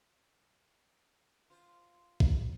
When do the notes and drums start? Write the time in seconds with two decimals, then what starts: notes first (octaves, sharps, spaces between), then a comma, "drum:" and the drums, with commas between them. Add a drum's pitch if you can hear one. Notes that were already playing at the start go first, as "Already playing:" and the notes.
1.50 F4 C5
2.20 drum: kick